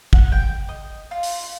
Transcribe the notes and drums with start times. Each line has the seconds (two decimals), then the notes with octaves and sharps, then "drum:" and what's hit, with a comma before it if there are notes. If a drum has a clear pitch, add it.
0.13 F#5, drum: kick
0.32 G5
0.69 D#5
1.11 F4
1.23 drum: open hi-hat